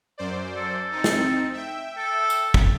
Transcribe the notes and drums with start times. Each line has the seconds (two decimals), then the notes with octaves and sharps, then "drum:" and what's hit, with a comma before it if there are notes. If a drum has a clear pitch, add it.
0.18 F#2 C5 D5
0.55 A4
0.92 C4 D#4
1.04 drum: snare
1.53 E5 G5
1.97 A4
2.30 drum: tambourine
2.54 drum: kick